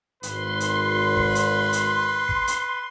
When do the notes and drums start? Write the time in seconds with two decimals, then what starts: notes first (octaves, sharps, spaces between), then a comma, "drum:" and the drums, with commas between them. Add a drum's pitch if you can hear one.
0.23 G#1 B4 C6, drum: hi-hat
0.60 drum: hi-hat
1.17 drum: kick
1.35 drum: hi-hat
1.73 drum: hi-hat
2.29 drum: kick
2.48 drum: hi-hat